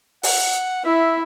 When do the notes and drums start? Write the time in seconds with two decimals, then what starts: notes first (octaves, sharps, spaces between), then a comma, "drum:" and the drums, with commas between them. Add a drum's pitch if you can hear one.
0.23 F#5, drum: open hi-hat
0.85 E4 E5